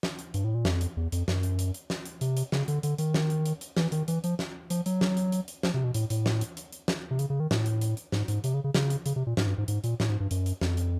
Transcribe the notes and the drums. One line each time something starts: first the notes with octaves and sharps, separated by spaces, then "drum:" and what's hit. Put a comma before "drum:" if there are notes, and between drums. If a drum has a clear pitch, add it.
drum: snare
drum: hi-hat
G2, drum: hi-hat
A2
A#2
F2, drum: snare
drum: hi-hat
E2
F2, drum: hi-hat
F#2, drum: snare
drum: hi-hat
drum: hi-hat
drum: hi-hat
drum: snare
drum: hi-hat
C3, drum: hi-hat
drum: hi-hat
C#3, drum: snare
D3, drum: hi-hat
D3, drum: hi-hat
D#3, drum: hi-hat
drum: snare
drum: hi-hat
drum: hi-hat
drum: hi-hat
E3, drum: snare
D#3, drum: hi-hat
E3, drum: hi-hat
F3, drum: hi-hat
drum: snare
F3, drum: hi-hat
F#3, drum: hi-hat
drum: snare
drum: hi-hat
drum: hi-hat
drum: hi-hat
F3, drum: snare
C3
B2
A2, drum: hi-hat
A2, drum: hi-hat
drum: snare
drum: hi-hat
drum: hi-hat
drum: hi-hat
drum: snare
C3
C#3, drum: hi-hat
C#3
D#3
A2, drum: snare
drum: hi-hat
drum: hi-hat
drum: hi-hat
G#2, drum: snare
G#2, drum: hi-hat
C3, drum: hi-hat
C#3
C#3
C#3, drum: snare
drum: hi-hat
C#3, drum: hi-hat
C3
A#2
G#2, drum: snare
G2
G#2
G#2, drum: hi-hat
A#2, drum: hi-hat
A2, drum: snare
G#2
G2
F#2, drum: hi-hat
drum: hi-hat
F2, drum: snare
drum: hi-hat